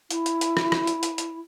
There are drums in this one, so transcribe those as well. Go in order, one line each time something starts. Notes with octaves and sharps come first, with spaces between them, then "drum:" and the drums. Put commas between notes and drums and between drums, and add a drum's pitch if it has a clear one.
E4, drum: hi-hat
drum: hi-hat
drum: hi-hat
drum: rim click
drum: rim click
drum: hi-hat
drum: hi-hat
drum: hi-hat